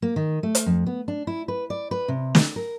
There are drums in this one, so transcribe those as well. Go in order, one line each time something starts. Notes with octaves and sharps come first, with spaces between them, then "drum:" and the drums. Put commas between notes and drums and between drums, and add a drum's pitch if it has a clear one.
A#3
D#3
A3
drum: hi-hat
F2
B3
D4
E4
B4
D5
B4
C3
drum: snare
A#4